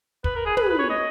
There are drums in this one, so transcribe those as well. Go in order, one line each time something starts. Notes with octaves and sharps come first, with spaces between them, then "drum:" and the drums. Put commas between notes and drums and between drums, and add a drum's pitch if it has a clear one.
B4, drum: kick
A#4
G#4
B4, drum: tom
B4
C#5
D#5